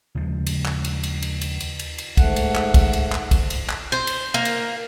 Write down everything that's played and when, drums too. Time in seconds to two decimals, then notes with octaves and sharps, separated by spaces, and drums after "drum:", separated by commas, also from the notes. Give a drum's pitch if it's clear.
0.15 D#2 C#3 F3 G#3
0.47 drum: cymbal
0.66 drum: clap
0.85 drum: cymbal
1.04 drum: cymbal
1.22 drum: cymbal
1.41 drum: cymbal
1.60 drum: cymbal
1.79 drum: cymbal
1.98 drum: cymbal
2.17 G#2 A3 F#5, drum: kick, cymbal
2.36 drum: cymbal
2.55 drum: clap
2.74 drum: kick, cymbal
2.93 drum: cymbal
3.12 drum: clap
3.31 drum: kick, cymbal
3.50 drum: cymbal
3.69 drum: clap
3.92 C5
4.07 drum: cymbal
4.34 A#3
4.45 drum: cymbal